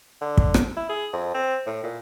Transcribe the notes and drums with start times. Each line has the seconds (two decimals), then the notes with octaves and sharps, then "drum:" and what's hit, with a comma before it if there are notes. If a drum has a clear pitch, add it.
0.21 D3
0.38 drum: kick
0.54 drum: rim click
0.77 E4
0.89 G#4
1.13 F2
1.34 C4
1.66 A2
1.84 A#2